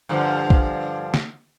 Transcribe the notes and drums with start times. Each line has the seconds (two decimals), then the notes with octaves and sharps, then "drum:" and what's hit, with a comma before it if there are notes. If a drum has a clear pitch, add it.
0.09 G2 D3 F3
0.50 drum: kick
1.14 drum: snare